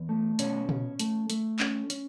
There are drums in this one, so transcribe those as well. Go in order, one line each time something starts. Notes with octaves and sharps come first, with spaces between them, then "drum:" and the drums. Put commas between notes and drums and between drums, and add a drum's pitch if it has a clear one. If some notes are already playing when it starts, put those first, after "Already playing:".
Already playing: E2
A3
B2 C#4 C#5, drum: hi-hat
C#4, drum: tom A#2
A3, drum: hi-hat
A3, drum: hi-hat
C#4, drum: clap
C#4, drum: hi-hat